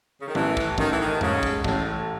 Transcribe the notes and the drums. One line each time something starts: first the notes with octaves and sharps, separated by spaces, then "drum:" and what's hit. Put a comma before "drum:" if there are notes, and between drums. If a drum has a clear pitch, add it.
C#3
D#3
A1 E3, drum: tom D#3
drum: kick
A1 D#3, drum: kick
E3
D#3
G#2 C#3, drum: tom E2
drum: kick
A1 A2, drum: kick